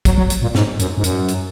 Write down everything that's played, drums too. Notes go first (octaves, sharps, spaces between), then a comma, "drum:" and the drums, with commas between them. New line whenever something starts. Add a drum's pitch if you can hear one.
F#3, drum: kick, hi-hat
F#3
drum: hi-hat
A#2
G#2, drum: snare
F#2, drum: hi-hat
G#2
F#2, drum: hi-hat
drum: hi-hat